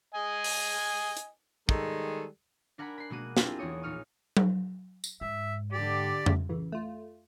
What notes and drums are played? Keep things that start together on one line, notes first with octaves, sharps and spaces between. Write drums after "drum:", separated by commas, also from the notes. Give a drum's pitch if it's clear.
D#5 G#5
drum: open hi-hat
drum: hi-hat
D#3 G3 G#3 A4, drum: kick
D4 A#4 F#5 G#5 A#5 B5
B5 F#6 B6 C7
B2 G#3 A#3 F#4 F#6 D#7
C4 D4 E4 F4 G4 G#4, drum: snare
E2 G#4 A#4 C#5 C#6 D#6
A#1 D#4 C#5 F6 D#7
drum: tom F#3
drum: tambourine
G#2 E5
D3 G4 D5
drum: tom F2
A1 C#3 E3
A3 F4